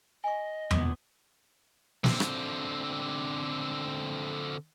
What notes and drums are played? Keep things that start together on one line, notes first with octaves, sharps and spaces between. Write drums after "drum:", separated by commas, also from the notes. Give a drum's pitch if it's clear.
D#5 G#5 C#6
F#2 A#2 B3, drum: tom E2
D3 C4, drum: snare
drum: rim click